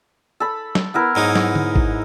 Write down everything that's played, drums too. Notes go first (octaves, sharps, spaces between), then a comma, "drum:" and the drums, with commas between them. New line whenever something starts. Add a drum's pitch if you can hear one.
A4 B5
drum: snare F#3
B3 E4 A#4
G#2 F#3 D#4
drum: snare F#3
drum: tom D3
drum: kick G#1